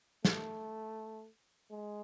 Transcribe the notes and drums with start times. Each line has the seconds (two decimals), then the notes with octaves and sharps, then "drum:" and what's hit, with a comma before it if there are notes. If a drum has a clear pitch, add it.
0.25 A3, drum: snare
1.72 G#3